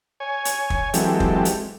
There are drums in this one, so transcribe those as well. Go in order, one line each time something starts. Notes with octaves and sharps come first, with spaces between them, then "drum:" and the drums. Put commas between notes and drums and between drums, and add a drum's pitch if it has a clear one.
C#5 G#5
drum: hi-hat
drum: kick
E3 F#3 G#3 C4 G4 A4, drum: hi-hat
drum: kick
drum: hi-hat